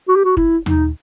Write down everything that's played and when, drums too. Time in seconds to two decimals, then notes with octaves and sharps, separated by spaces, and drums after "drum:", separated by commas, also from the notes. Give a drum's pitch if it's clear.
0.08 F#4
0.16 G4
0.24 F#4
0.37 E4, drum: kick
0.66 D#4, drum: tom D#2